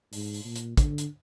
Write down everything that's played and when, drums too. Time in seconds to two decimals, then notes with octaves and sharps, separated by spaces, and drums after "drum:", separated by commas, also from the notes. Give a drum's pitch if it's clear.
0.13 G#2, drum: open hi-hat
0.34 drum: open hi-hat
0.45 A#2
0.56 drum: hi-hat
0.77 D3, drum: kick, hi-hat
0.98 drum: hi-hat